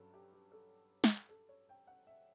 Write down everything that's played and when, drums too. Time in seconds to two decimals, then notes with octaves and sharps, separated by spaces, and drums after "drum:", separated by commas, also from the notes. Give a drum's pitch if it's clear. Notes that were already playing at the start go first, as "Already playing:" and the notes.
Already playing: G2 F#3 C#4 A4
0.13 G4
0.32 G4
0.52 A4
1.04 drum: snare
1.29 A4
1.49 C#5
1.69 G5
1.87 F#5
2.07 E5